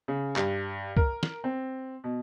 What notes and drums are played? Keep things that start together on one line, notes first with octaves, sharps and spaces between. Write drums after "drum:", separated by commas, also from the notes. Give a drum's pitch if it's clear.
C#3
G2, drum: clap
A#4, drum: kick
drum: snare
C4
B2